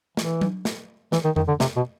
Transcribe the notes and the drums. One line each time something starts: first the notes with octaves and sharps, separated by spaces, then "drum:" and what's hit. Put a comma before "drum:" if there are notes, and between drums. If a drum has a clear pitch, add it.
E3, drum: snare
drum: tom F#3
drum: snare
E3, drum: snare
D#3
D#3, drum: tom F2
D3
C3, drum: snare
B2